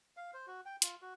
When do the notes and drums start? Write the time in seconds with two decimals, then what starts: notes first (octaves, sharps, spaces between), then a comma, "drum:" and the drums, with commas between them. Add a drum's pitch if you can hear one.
0.17 F5
0.34 C5
0.47 F#4
0.66 G5
0.82 F4, drum: hi-hat
1.02 F#4